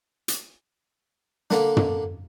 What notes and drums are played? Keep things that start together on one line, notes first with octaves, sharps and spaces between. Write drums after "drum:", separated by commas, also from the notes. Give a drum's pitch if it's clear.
drum: hi-hat
D3 A#3 D4, drum: snare
drum: tom